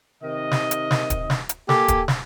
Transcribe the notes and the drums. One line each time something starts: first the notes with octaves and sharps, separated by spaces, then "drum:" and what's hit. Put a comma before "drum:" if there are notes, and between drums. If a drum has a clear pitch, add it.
C3 D#3 D#5
drum: snare
drum: hi-hat
drum: snare
drum: kick, hi-hat
drum: snare
drum: hi-hat
A#3 G4 A4 G#5, drum: snare
drum: kick, hi-hat
drum: snare